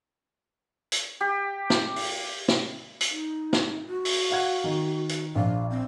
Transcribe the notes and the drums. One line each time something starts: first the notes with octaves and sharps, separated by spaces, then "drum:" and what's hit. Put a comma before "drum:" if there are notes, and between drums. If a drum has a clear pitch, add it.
drum: hi-hat
G4
drum: snare
drum: open hi-hat
drum: snare
drum: hi-hat
D#4
drum: snare
F#4
drum: open hi-hat
F5 F#5 G#6
D#3
drum: hi-hat
A#1 D4 F5
C4